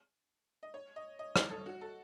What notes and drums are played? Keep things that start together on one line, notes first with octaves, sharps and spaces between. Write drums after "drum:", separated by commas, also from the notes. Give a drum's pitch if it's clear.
D#5
C#5
D#5
D#5
C#5, drum: rim click
A4
F#4
A4